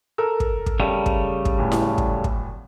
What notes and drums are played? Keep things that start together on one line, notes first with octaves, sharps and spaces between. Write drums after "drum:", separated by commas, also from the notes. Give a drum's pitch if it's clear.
A4 A#4 E6
drum: kick
drum: kick
C#3 G3 A3
drum: kick
drum: kick
D1 A2
drum: snare E4
drum: kick
drum: kick